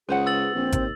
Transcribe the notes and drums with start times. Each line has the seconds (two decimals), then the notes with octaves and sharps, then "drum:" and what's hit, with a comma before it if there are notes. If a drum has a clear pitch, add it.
0.09 C#2 G#4 B4 C5 F#5
0.27 E6 A6 F#7
0.55 A#1 C4
0.72 D#2, drum: kick G#1, hi-hat